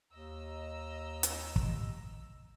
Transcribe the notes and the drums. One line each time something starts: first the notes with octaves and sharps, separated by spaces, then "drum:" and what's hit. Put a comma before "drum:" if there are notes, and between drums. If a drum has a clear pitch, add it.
D#2 D#5 A#5 E6
drum: hi-hat
drum: kick